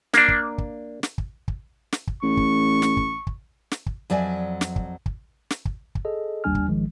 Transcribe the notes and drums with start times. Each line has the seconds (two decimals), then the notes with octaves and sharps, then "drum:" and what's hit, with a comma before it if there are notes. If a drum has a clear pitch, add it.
0.14 A#3 D4, drum: snare
0.28 drum: kick
0.58 drum: kick
1.03 drum: snare
1.18 drum: kick
1.48 drum: kick
1.92 drum: snare
2.07 drum: kick
2.23 A1 C#6
2.37 drum: kick
2.82 drum: snare
2.97 drum: kick
3.27 drum: kick
3.71 drum: snare
3.86 drum: kick
4.10 F2 F#3 D5 E5 G#5
4.61 drum: snare
4.76 drum: kick
5.06 drum: kick
5.50 drum: snare
5.65 drum: kick
5.95 drum: kick
6.05 G#4 A4 D#5
6.44 G#1 D#2 G3 D4 G#5 F6
6.55 drum: kick
6.68 G#1 D#3 F3 G#3